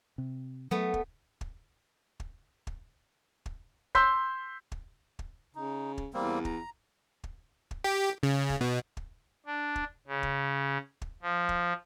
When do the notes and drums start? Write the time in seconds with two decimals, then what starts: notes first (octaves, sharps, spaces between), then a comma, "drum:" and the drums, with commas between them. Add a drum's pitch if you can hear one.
0.18 C3
0.71 F#3 A3 B3
0.94 drum: kick
1.41 drum: kick
2.20 drum: kick
2.67 drum: kick
3.46 drum: kick
3.95 C6 E6 G6 B6, drum: kick
4.72 drum: kick
5.19 drum: kick
5.55 C#3 D#4
5.98 drum: kick
6.14 E2 G3 A#3 C4
6.45 A#5, drum: kick
7.24 drum: kick
7.71 drum: kick
7.84 G4
8.23 C#3
8.50 drum: kick
8.61 B2
8.97 drum: kick
9.46 D4
9.76 drum: kick
10.07 C#3
10.23 drum: kick
11.02 drum: kick
11.22 F3
11.49 drum: kick